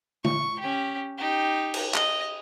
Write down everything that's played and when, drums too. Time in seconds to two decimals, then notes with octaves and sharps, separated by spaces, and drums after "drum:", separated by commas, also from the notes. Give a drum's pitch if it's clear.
0.24 C#6, drum: tom
0.59 C#4 G4
1.18 D#4 G4
1.74 drum: cymbal
1.94 D#5, drum: clap